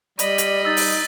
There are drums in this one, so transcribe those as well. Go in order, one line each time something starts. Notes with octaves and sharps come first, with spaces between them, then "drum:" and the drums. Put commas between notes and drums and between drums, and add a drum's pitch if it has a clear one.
G3 D5 D#5 B5, drum: hi-hat
drum: hi-hat
D#4 E6 A6
drum: open hi-hat